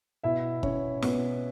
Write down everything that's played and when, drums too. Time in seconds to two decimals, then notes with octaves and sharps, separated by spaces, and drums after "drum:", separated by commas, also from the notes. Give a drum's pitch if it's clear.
0.23 B2 E4 E5
0.63 C#4 C#5, drum: kick
1.02 B2 B3 B4, drum: snare